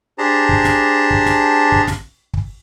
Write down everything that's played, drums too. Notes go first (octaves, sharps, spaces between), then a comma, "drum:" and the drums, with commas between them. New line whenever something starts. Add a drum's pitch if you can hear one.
D4 G4 G#4 C5 A5 A#5
drum: kick
drum: snare
drum: kick
drum: snare
drum: kick
drum: snare
drum: kick